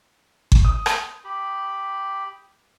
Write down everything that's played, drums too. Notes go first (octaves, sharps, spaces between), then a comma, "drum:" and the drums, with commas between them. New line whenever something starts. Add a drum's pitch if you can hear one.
drum: kick G1
D#6
drum: rim click
G4 B5